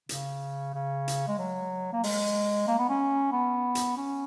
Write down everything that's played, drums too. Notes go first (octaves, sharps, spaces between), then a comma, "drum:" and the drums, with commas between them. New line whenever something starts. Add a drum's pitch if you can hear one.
C#3, drum: hi-hat
C#3
drum: hi-hat
G#3
F#3
A#3
G#3, drum: open hi-hat
A#3
B3
C#4
B3
drum: hi-hat
C#4